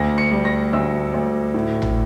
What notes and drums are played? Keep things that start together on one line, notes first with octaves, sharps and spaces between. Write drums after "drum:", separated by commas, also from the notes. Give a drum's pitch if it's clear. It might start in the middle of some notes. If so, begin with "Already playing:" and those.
Already playing: D2 A#6
C#7
G3
A#6
D2 E6
D2
A2
drum: tom G#1